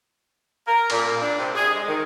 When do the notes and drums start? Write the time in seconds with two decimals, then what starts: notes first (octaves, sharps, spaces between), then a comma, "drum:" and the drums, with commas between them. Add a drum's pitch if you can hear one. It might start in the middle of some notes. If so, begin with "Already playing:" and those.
0.66 A#4
0.90 A#2, drum: cymbal
1.07 A#3
1.22 D4
1.38 C3
1.55 G#4
1.72 G#3
1.88 D#3